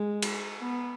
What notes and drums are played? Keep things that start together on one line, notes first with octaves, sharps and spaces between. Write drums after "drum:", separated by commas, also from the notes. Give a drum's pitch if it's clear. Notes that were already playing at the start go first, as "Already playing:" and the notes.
Already playing: G#3
drum: cymbal
B3